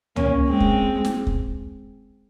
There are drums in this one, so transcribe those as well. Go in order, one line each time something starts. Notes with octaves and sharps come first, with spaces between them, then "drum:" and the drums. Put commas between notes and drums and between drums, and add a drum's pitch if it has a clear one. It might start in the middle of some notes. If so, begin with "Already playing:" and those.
A#3 C#4, drum: tom C#2
G#3 C4
drum: kick
drum: snare
drum: kick